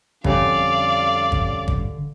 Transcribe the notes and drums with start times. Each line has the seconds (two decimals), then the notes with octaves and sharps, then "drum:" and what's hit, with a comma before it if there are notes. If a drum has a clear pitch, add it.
0.24 F2 D3 G3 C#4 D5 F5, drum: kick G1
1.32 drum: kick G1
1.68 drum: kick G1